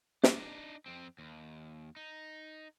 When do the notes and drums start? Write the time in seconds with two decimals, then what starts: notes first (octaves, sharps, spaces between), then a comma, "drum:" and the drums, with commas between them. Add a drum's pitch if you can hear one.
0.23 D4 D#4, drum: snare
0.86 F2 C4
1.19 D#2
1.96 D#4